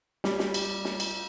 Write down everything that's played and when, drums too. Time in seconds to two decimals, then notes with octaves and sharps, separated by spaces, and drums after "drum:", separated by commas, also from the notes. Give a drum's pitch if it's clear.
0.24 G3, drum: snare
0.39 drum: snare
0.54 drum: cymbal
0.85 drum: snare
1.00 drum: cymbal